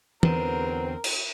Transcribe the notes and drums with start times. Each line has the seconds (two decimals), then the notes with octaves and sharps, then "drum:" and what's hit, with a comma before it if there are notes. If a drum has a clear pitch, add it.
0.23 E2 G#2 D3 F#3 C4 A#4 B4, drum: tom
1.04 drum: cymbal